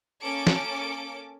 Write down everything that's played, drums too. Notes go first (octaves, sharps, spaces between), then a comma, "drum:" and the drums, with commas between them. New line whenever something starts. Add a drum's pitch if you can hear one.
A#3 C#4 A4 D6 D7
drum: snare